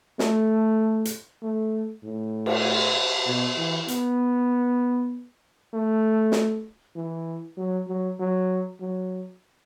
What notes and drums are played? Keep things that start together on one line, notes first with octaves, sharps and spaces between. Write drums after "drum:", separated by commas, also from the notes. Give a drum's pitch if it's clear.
A3, drum: snare
drum: hi-hat
A3
A2
drum: cymbal
B2
E3
B3, drum: hi-hat
A3
drum: snare
E3
F#3
F#3
F#3
F#3